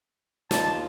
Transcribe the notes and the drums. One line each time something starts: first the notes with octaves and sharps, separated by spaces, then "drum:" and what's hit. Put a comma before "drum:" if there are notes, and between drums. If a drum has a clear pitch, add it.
D#2 F4 A5, drum: snare